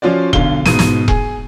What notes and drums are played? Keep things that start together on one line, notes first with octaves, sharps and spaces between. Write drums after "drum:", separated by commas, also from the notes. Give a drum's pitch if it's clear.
F3 C#4 F4 F#4 D5
B1 D3 F5 G7, drum: kick E1
G#2 B2 D#7, drum: snare
drum: snare
G#4, drum: kick E1